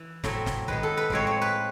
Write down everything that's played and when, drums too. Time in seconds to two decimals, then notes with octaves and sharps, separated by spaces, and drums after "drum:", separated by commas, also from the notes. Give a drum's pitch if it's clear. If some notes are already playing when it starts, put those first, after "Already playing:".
Already playing: E3
0.24 A2 F#3 A3 C4, drum: snare
0.46 drum: snare
0.68 D#3 G#3 B3 B4, drum: kick
0.83 A4
0.97 B4
1.10 A2 F3 G#3 C4 C#5, drum: kick
1.27 C#5
1.41 B4